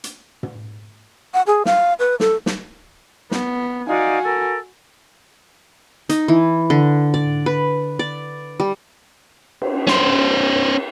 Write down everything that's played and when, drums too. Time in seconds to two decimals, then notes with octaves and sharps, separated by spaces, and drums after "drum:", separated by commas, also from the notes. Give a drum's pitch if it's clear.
0.04 drum: hi-hat
0.43 drum: tom
1.34 F#5
1.47 G#4
1.65 F5, drum: snare
1.99 B4
2.20 A4, drum: snare
2.46 drum: snare
3.31 B3, drum: snare
3.88 D#4 F#4 D5 F5 G#5
4.24 A4 A#4
6.09 D#4, drum: hi-hat
6.28 E3
6.70 D3
7.14 D5, drum: tom
7.46 B4
7.99 D5
8.60 G3
9.62 drum: cymbal
9.87 C#4 C5, drum: snare